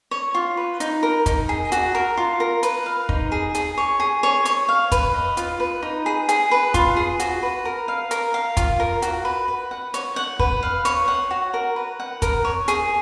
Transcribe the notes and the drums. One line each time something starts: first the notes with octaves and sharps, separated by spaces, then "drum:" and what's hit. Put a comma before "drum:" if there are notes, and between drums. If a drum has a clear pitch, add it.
C#5
F4
B4
D#4, drum: hi-hat
A#4
D#4, drum: kick, hi-hat
G#4
F#4, drum: hi-hat
A#4
F4
A#4
B4, drum: hi-hat
F5
D#4, drum: kick
G#4
G#4, drum: hi-hat
C#5
G#4
C#5
C#5, drum: hi-hat
F5
B4, drum: kick, hi-hat
D#5
F4, drum: hi-hat
B4
D#4
G#4
G#4, drum: hi-hat
B4
F4, drum: kick, hi-hat
G#4
F#4, drum: hi-hat
B4
A#4
F5
A#4, drum: hi-hat
F5
F4, drum: kick, hi-hat
A#4
F#4, drum: hi-hat
B4
B4
F#5
C#5, drum: hi-hat
F#5
B4, drum: kick
F5
C#5, drum: hi-hat
F#5
F#4
A#4
B4
F#5
A#4, drum: kick, hi-hat
C#5
G#4, drum: hi-hat